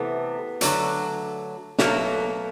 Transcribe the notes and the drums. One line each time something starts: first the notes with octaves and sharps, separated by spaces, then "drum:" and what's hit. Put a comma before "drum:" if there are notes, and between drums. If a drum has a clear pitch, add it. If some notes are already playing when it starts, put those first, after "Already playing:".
Already playing: C3 E3 A3 B3
D3 F#3 A3, drum: hi-hat
B2 F#3 A3 A#3, drum: snare